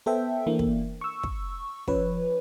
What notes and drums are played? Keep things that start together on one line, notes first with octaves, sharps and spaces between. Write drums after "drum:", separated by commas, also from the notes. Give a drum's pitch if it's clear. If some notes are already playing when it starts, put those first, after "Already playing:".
B3 A4 C5 E5 G5
E3 A#3 D4
drum: kick
C#6 E6
drum: kick
F3 C#4 B4 C#5, drum: kick